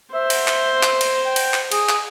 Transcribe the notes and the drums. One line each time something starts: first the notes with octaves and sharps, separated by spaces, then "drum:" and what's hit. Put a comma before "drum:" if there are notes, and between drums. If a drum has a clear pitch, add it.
C5 E5
drum: cymbal
drum: clap
drum: clap
drum: cymbal
G5
drum: cymbal
drum: clap
G#4, drum: cymbal
drum: clap